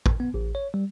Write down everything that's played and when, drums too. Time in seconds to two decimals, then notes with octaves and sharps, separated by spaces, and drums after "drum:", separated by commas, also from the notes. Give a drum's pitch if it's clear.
0.06 drum: kick A1
0.20 B3
0.34 A1
0.55 C#5
0.74 G3